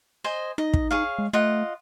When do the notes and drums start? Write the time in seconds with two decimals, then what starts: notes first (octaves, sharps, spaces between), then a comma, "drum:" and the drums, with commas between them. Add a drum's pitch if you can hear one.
0.24 C5 D#5 G#5
0.58 D#4 D#5
0.74 drum: kick
0.91 G#4 C#5 F5
1.19 G#3
1.33 A3 F4 D#5 F#5